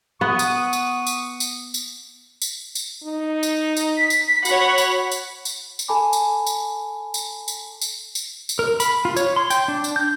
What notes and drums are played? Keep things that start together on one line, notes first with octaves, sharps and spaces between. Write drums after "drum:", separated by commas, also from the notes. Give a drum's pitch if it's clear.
B3 F#5 C#6 D#6
drum: tambourine
drum: tambourine
drum: tambourine
drum: tambourine
drum: tambourine
drum: tambourine
drum: tambourine
D#4
drum: tambourine
drum: tambourine
B6
drum: tambourine
F#4 C#5 F#5 B5, drum: tambourine
drum: tambourine
drum: tambourine
drum: tambourine
drum: tambourine
A4 G#5 A5 B5 D6
drum: tambourine
drum: tambourine
drum: tambourine
drum: tambourine
drum: tambourine
drum: tambourine
drum: tambourine
A#4
B5, drum: tambourine
F4
C#5, drum: tambourine
C6
G5, drum: tambourine
D4
drum: tambourine
G6